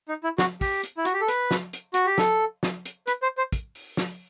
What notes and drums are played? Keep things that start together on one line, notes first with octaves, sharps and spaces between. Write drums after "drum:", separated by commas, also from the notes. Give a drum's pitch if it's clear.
D#4
E4
F#4, drum: snare
G4, drum: kick, open hi-hat
drum: hi-hat
E4
F#4, drum: hi-hat
G4
A4
B4, drum: hi-hat
drum: snare
drum: hi-hat
F#4, drum: hi-hat
G4
A4, drum: snare
drum: snare
drum: hi-hat
B4, drum: hi-hat
C5
C5
drum: kick, hi-hat
drum: open hi-hat
drum: snare